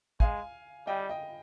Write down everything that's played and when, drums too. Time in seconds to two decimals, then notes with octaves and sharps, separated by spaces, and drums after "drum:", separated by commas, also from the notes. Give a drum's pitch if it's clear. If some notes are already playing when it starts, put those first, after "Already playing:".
0.20 G#3 F5 G#5, drum: kick
0.87 G3 D#5 G5
1.09 D#5 G5